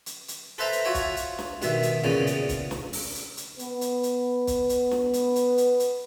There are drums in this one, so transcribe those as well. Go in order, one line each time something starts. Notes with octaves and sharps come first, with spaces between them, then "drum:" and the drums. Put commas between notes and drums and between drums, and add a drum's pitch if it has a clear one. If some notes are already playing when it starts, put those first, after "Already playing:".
drum: hi-hat
drum: hi-hat
A4 B4 C5 E5 A5 A#5
drum: hi-hat
F4 F#4 C#5 E5
drum: kick, hi-hat
drum: hi-hat
drum: snare
G2 B2 D#3 E5, drum: hi-hat
drum: hi-hat
E2 A#2 C#3 B3 C#4
drum: hi-hat
drum: kick, hi-hat
drum: snare
drum: open hi-hat
drum: hi-hat
drum: hi-hat
B3 B4, drum: hi-hat
drum: hi-hat
drum: hi-hat
drum: kick, hi-hat
drum: hi-hat
drum: snare
drum: hi-hat
drum: hi-hat
drum: hi-hat
drum: hi-hat